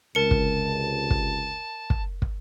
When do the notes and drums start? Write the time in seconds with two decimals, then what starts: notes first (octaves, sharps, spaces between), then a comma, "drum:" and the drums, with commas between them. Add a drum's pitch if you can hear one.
0.15 C#2 C3 A#4 A5 C#7
0.31 drum: kick
1.10 drum: kick
1.90 drum: kick
2.22 drum: kick